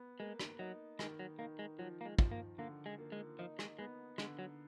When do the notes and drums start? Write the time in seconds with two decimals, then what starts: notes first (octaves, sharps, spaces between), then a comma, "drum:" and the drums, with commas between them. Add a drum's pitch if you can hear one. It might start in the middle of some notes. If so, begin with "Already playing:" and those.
Already playing: B3
0.20 G#3 A#3
0.40 drum: rim click
0.59 F#3 D#4
0.99 D#3 G#3, drum: rim click
1.19 F#3
1.39 D#3 A#3
1.59 G#3
1.79 F3 F#3
2.01 A#3
2.05 G#3
2.19 F3, drum: kick
2.31 A#3
2.58 D3 A#3
2.86 G#3
2.98 A#3
3.12 G#3
3.39 F3 D#4
3.59 G#3, drum: rim click
3.79 G#3 B3
4.18 D3 G#3, drum: rim click
4.39 F#3